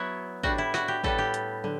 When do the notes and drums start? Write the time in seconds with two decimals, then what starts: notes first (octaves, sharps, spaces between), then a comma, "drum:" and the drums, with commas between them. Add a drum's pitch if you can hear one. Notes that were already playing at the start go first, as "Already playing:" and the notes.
Already playing: F#3 B3 E4 C#5
0.43 A2 G3 D4 F#4, drum: kick
0.58 E4
0.74 F#4, drum: snare
0.88 G4
1.04 A2 G3 B3 A4, drum: kick
1.18 G4
1.34 drum: hi-hat
1.64 D3, drum: tom